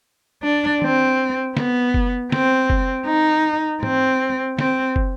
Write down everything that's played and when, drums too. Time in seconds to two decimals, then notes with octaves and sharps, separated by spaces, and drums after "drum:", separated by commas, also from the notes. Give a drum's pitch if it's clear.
0.43 D4
0.82 C4, drum: tom D#3
1.57 B3, drum: snare
1.94 drum: kick
2.32 C4, drum: snare
2.70 drum: kick
3.07 D#4
3.83 C4, drum: tom
4.59 C4, drum: snare
4.96 drum: kick